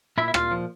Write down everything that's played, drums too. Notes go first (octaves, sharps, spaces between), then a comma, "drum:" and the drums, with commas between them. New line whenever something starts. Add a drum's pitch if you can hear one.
A#2 E4 E5
E5
A#2 F4 F5, drum: rim click
F3